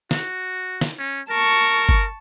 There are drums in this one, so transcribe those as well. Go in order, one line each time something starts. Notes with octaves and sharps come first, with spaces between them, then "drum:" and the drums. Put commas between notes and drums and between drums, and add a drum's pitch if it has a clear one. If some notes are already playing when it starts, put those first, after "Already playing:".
F#4, drum: snare
drum: snare
C#4
A#4 A5 C#6
drum: kick G1